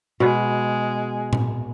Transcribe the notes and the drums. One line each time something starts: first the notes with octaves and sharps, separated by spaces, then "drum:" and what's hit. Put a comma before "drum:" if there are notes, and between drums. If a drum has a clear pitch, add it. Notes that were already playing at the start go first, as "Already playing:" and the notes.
B2 G#3
drum: tom A#2